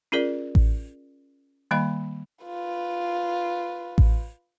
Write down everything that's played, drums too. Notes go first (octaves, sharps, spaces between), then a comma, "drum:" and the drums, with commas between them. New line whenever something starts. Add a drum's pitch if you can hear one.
C#4 F4 G#4 A#4 D5
drum: kick A1
D#3 G3 A#3 D#5 F5 B5
F4 B4
drum: kick A1